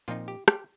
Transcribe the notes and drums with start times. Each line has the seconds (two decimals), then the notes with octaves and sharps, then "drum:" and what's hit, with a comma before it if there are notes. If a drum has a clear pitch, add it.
0.08 A#2 F3 C4 D#4 F4
0.28 G4
0.48 G4, drum: rim click